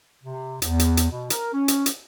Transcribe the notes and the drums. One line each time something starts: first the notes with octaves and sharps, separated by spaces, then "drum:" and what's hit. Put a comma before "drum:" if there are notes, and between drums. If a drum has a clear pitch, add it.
C3
E2, drum: hi-hat
drum: hi-hat
drum: hi-hat
B2
A#4, drum: hi-hat
C#4
drum: hi-hat
drum: hi-hat